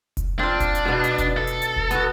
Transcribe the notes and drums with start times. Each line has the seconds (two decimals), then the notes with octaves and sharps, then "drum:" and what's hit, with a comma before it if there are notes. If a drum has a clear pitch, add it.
0.17 drum: kick F1, hi-hat
0.39 C4 D4 F4
0.60 drum: kick F1, hi-hat
0.75 drum: hi-hat
0.85 B2 B3
1.04 drum: hi-hat
1.18 drum: kick F1, hi-hat
1.37 A4
1.47 drum: hi-hat
1.62 drum: hi-hat
1.76 drum: kick F1
1.91 B3 F#4, drum: hi-hat